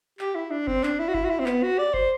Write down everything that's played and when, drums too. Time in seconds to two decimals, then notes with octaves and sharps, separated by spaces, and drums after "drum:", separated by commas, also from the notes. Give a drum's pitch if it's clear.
0.19 G4, drum: clap
0.35 E4
0.51 D4
0.67 C4, drum: kick F#1
0.83 D4, drum: clap
0.99 E4
1.08 F#4
1.14 E4, drum: kick F#1
1.25 F#4
1.30 E4
1.39 C4
1.46 B3, drum: clap
1.63 F#4
1.79 D5
1.94 C5, drum: kick F#1